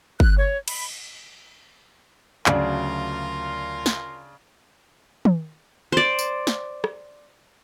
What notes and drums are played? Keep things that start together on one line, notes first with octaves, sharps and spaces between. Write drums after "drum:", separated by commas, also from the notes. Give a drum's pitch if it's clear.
F#6, drum: kick G1
C#5
B5, drum: cymbal
D2 C#3 F#3 D4 F4 A#4 D5 C6, drum: clap
drum: snare
drum: tom
C5 D5
drum: tambourine
drum: snare
drum: rim click